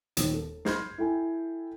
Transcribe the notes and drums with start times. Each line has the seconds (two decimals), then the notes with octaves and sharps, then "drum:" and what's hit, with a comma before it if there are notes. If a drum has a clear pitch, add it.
0.17 D#1 D#2, drum: hi-hat
0.34 A4
0.65 B5 C6 F6 G6 G#6 C7, drum: snare
0.98 E4 A4 G5 G#5